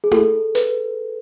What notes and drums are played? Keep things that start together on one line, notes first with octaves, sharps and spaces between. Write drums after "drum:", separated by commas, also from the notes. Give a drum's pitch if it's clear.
G#4
A4, drum: tom E4
B4, drum: hi-hat